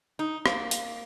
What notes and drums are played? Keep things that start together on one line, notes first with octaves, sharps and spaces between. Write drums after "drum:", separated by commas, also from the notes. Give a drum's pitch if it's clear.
D#4
A#3, drum: rim click
drum: hi-hat